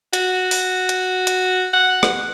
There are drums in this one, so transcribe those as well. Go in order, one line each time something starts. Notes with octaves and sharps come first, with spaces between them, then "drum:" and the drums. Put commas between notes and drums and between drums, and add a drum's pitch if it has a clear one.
F#4, drum: hi-hat
drum: open hi-hat
drum: hi-hat
drum: hi-hat
F#5
drum: rim click